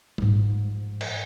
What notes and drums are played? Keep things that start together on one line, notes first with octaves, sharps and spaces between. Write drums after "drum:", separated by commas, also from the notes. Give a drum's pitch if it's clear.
G#2 F3, drum: tom G3
drum: cymbal